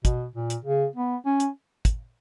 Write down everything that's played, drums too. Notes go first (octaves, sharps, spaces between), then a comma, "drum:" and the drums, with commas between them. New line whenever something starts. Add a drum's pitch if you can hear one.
B2, drum: kick, hi-hat
A#2
drum: hi-hat
C#3
B3
C#4
drum: hi-hat
drum: kick, hi-hat